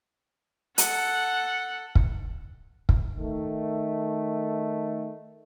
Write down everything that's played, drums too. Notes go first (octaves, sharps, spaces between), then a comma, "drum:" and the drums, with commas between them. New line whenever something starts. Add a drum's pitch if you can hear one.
A4 F#5, drum: hi-hat
drum: kick
drum: kick
D#3 A3